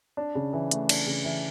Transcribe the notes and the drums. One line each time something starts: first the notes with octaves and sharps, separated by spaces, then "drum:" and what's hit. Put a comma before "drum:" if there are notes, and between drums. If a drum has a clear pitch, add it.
D4
C#3
E3
A3, drum: hi-hat
D4, drum: cymbal
C#3
E3